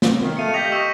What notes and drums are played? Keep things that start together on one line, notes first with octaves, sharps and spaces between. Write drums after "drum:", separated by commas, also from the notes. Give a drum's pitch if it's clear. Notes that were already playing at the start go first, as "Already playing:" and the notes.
drum: snare
D#3
A3 F5 C#7 D#7
G4 D#5 G6 B6 F7
C#6 E6